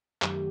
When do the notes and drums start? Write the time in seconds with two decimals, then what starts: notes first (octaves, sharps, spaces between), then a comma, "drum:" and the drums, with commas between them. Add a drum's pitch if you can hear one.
0.22 F#2 D#3 F#3 A3 G4, drum: clap